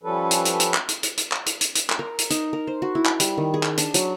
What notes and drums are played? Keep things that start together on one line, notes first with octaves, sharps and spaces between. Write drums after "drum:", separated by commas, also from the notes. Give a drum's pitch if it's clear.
F3 G3 C#4 A4 B4
drum: hi-hat
drum: hi-hat
drum: hi-hat
drum: clap
drum: hi-hat
drum: hi-hat
drum: hi-hat
drum: clap
drum: hi-hat
drum: hi-hat
drum: hi-hat
drum: clap
A#4
drum: hi-hat
D#4, drum: hi-hat
A#4
C5
F#4
E4
drum: clap
G3, drum: hi-hat
D#3
G#4
drum: clap
D4, drum: hi-hat
F#3, drum: hi-hat